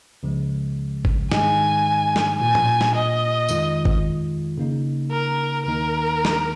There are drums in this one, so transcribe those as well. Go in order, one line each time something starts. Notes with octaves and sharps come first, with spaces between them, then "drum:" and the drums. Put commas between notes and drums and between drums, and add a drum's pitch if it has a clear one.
C#2 C#3 F3 G#3
drum: kick G#1
G#2 D#3 G#3 D#4 G#5, drum: snare
drum: snare
A#2 A#3 F4 G#5
drum: tom A2
drum: snare
D#5
F2 D#3 G#3 F4, drum: tambourine
drum: kick G#1
C#3 A#3 D#4
A#4
D#2 D#3 A#3 D#4 A#4
drum: snare